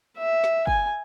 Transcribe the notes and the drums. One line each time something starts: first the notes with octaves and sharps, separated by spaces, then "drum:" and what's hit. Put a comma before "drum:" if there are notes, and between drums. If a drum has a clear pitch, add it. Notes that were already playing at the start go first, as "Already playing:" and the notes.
E5
drum: snare
G#5, drum: kick